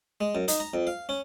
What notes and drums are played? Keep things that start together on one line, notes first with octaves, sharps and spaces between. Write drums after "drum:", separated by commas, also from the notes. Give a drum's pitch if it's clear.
G#3
F#2
D#4, drum: hi-hat
A#5
F2
F5
C#4